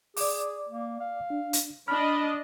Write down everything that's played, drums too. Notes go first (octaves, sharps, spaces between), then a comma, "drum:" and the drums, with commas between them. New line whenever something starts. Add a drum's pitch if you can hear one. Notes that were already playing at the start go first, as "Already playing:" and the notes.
G#4 D5 D6, drum: open hi-hat
A#3
F5
D4
drum: hi-hat
D4 D#5 B5 F6